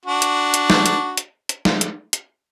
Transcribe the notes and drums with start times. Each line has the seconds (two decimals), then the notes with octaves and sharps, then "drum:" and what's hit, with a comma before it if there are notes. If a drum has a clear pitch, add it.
0.06 D4 F#4
0.22 drum: hi-hat
0.54 drum: hi-hat
0.70 drum: snare
0.86 drum: hi-hat
1.17 drum: hi-hat
1.49 drum: hi-hat
1.65 drum: snare
1.81 drum: hi-hat
2.13 drum: hi-hat